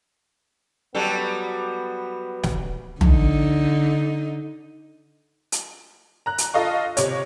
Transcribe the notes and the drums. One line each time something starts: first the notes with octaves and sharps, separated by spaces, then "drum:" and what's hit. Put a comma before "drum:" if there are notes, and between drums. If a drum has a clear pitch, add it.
F#3 G3 B3 A4
drum: snare
D3 D#4, drum: tom
drum: hi-hat
A#5 F#6
drum: hi-hat
F4 A4 D#5 F5 C#6
C3 C#5, drum: hi-hat